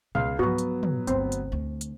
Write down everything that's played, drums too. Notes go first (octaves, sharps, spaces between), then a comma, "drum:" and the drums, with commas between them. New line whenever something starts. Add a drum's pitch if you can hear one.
C#2 B2 F5
G#2 F3 F#3 B3 F#4
drum: hi-hat
drum: tom
G1 D2 C4, drum: hi-hat
drum: hi-hat
D2
drum: hi-hat